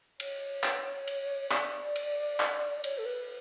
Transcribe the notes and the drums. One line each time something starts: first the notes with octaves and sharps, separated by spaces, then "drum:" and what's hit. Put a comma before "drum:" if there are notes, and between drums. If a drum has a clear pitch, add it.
C#5, drum: cymbal
drum: clap
drum: cymbal
D5, drum: clap
drum: cymbal
drum: clap
C#5, drum: cymbal
A4
B4